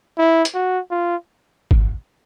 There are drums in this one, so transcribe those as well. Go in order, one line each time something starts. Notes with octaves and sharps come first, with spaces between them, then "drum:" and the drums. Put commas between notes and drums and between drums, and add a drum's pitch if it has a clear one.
E4
drum: hi-hat
F#4
F4
drum: kick G#1